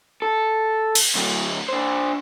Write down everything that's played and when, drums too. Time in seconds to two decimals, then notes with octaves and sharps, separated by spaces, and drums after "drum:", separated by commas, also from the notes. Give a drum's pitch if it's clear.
0.22 A4
0.95 drum: cymbal
1.15 D2 F#3
1.69 D4 C5